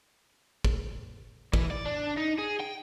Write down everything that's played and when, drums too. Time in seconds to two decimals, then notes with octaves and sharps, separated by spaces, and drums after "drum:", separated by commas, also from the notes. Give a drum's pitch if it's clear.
0.65 drum: kick
1.54 E3, drum: kick
1.71 D5
1.85 D4
2.17 D#4
2.39 G#4
2.60 G5